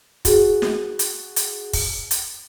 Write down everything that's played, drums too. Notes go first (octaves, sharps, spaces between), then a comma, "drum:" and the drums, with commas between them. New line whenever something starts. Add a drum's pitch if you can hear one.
F#4 G#4, drum: kick, hi-hat
drum: snare
drum: hi-hat
drum: hi-hat
drum: kick, open hi-hat
drum: hi-hat